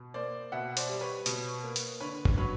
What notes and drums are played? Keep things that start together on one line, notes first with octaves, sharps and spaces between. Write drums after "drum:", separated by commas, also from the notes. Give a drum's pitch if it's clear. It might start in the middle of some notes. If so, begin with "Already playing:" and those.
Already playing: B2
A#3 C5 D5
B2 E5 F#5
C5 D5, drum: hi-hat
G3
B4 C#5
B2, drum: hi-hat
A#3
drum: hi-hat
D3 B4 C#5
drum: kick
F#3 B4 C#5